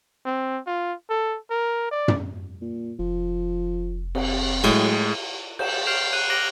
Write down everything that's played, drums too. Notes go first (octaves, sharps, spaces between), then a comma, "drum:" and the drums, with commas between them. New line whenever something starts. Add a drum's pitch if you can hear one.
C4
F4
A4
A#4
D5
drum: tom
A#2
F1 F3
C3, drum: cymbal
A2 F#3 G#3, drum: cymbal
G6 E7, drum: cymbal
F6 G6 C7 D7 E7 F7
F#6 G6 D#7
D6 F#6 A#6 D7 F#7 G7